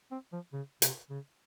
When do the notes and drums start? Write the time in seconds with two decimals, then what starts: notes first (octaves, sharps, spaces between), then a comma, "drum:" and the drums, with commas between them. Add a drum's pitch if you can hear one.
0.11 C4
0.32 F3
0.53 C#3
0.82 C3, drum: hi-hat
1.10 C#3